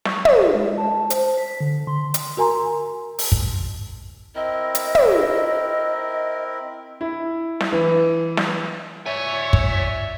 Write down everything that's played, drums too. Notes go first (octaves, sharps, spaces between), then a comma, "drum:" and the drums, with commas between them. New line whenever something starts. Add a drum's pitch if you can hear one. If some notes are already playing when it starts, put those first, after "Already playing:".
C#6, drum: snare
D#5, drum: tom
G#3
A5
C5, drum: hi-hat
B6
D3
C6
drum: hi-hat
F#4 A#4 G#5 A#5 C6
drum: open hi-hat
drum: kick
C4 E4 A#4 D#5
drum: hi-hat
drum: tom
E4
drum: snare
E3
drum: snare
C#5 D5 E5 G#5
drum: kick